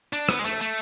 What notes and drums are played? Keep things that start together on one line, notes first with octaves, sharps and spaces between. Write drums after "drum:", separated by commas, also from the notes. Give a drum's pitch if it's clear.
D4
B3, drum: rim click
G#3
A3
A3